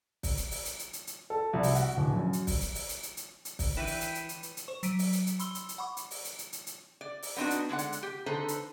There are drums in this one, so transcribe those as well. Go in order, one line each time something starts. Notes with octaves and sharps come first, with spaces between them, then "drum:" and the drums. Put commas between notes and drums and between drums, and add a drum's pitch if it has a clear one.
drum: kick, open hi-hat
drum: hi-hat
drum: open hi-hat
drum: hi-hat
drum: hi-hat
drum: hi-hat
drum: hi-hat
A4
C2
drum: open hi-hat
F#4, drum: hi-hat
D1
F#2
drum: hi-hat
drum: kick, open hi-hat
drum: hi-hat
drum: open hi-hat
drum: hi-hat
drum: hi-hat
drum: hi-hat
drum: hi-hat
drum: kick, open hi-hat
E3 B4 G5 D#7 E7
drum: open hi-hat
drum: hi-hat
drum: hi-hat
drum: hi-hat
drum: hi-hat
drum: hi-hat
C5 C#6
F#3 B6 D7 D#7, drum: hi-hat
drum: open hi-hat
drum: hi-hat
drum: hi-hat
B5 C6 E6 G7, drum: hi-hat
drum: hi-hat
drum: hi-hat
F#5 B5 C#6 D6
drum: hi-hat
drum: open hi-hat
drum: hi-hat
drum: hi-hat
drum: hi-hat
drum: hi-hat
D5
drum: open hi-hat
B3 C4 D4 D#4 F#4
drum: hi-hat
D3 G#3 D5 F#5
drum: hi-hat
drum: hi-hat
G4
D3 D#4 A4 B4 C5
drum: hi-hat